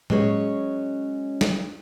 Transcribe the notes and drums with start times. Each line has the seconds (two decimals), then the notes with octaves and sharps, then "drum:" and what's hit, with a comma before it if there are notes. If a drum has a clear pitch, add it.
0.10 F#3 G#3 C#4 G#4 C5 C#5, drum: tom A2
1.41 drum: snare